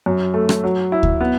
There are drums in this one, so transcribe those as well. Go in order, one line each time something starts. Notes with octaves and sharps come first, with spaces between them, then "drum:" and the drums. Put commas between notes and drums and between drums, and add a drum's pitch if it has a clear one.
F#2
A3
drum: rim click
F#3
E4
drum: kick D2
B3